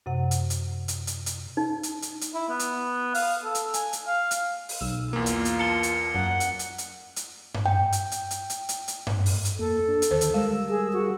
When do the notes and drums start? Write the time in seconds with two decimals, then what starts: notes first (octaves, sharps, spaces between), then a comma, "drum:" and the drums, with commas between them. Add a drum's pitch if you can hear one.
0.06 F#2 C3 F#5
0.31 drum: hi-hat
0.50 drum: hi-hat
0.88 drum: hi-hat
1.07 drum: hi-hat
1.26 drum: hi-hat
1.57 D#4
1.83 drum: hi-hat
2.02 drum: hi-hat
2.21 drum: hi-hat
2.34 E4
2.49 B3
2.59 drum: hi-hat
3.15 F5, drum: open hi-hat
3.44 A4
3.55 drum: hi-hat
3.74 G#5, drum: hi-hat
3.93 drum: hi-hat
4.07 F5
4.31 drum: hi-hat
4.69 drum: open hi-hat
4.81 B1 E6
5.13 E2 A#3 F4
5.26 drum: hi-hat
5.45 drum: hi-hat
5.60 A5 C#7 G7
5.83 drum: hi-hat
6.15 F#2 F#5
6.40 drum: hi-hat
6.59 drum: hi-hat
6.78 drum: hi-hat
7.16 drum: hi-hat
7.54 drum: tom G2
7.66 G5
7.92 drum: hi-hat
8.12 drum: hi-hat
8.31 drum: hi-hat
8.50 drum: hi-hat
8.69 drum: hi-hat
8.88 drum: hi-hat
9.07 drum: tom G2
9.26 drum: open hi-hat
9.45 drum: hi-hat
9.59 F2 A#3 A4
9.88 D4
10.02 drum: hi-hat
10.11 D#2 D3 D#3 C5
10.21 drum: hi-hat
10.34 G3 G#3 A#4 E6
10.70 G#4
10.93 F#4